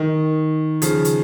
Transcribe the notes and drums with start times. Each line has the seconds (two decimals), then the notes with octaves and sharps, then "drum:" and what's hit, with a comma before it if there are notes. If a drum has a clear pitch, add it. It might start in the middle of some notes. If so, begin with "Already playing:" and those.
Already playing: D#3
0.82 C#3 F3, drum: hi-hat
1.05 drum: hi-hat